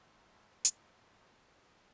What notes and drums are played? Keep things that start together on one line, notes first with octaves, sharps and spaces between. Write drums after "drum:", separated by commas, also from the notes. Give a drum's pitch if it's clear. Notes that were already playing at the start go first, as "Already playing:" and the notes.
Already playing: G#2 F#3 A3
C#4 E4
drum: hi-hat
D#4 F#4
D#4 F#4
B3 D#4